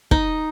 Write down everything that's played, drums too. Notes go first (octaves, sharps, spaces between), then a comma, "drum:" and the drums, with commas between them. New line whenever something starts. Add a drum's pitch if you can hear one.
D#4, drum: kick